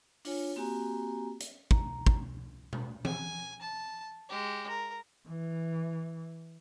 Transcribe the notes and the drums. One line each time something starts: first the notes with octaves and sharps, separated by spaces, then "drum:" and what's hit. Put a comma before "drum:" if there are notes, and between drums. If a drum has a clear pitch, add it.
D4 F4 C#5 G#5, drum: open hi-hat
A#3 C4 F#4 G4 G#5 A#5
drum: hi-hat
A#5, drum: kick
drum: kick
drum: tom B2
G#5, drum: tom E3
A5
G#3 G4
A#4
E3